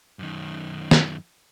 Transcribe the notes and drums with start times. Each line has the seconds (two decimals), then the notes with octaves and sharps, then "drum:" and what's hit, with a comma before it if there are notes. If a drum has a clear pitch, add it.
0.19 F#2 D#3
0.91 drum: snare